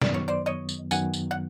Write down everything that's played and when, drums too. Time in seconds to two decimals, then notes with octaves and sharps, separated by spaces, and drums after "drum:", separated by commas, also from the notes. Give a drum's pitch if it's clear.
0.02 F#2 D#3 F#3 B3 D5, drum: snare
0.14 C#5
0.28 C5 D5
0.46 C#5 D#5
0.69 drum: tambourine
0.91 F#2 D#3 F#3 B3 F#5 G#5, drum: tambourine
1.14 drum: tambourine
1.31 F#5